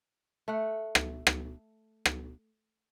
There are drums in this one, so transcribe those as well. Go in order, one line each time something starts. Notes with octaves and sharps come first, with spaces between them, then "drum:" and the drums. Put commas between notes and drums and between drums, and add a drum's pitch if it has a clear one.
A3 F#5
drum: rim click
drum: rim click
drum: rim click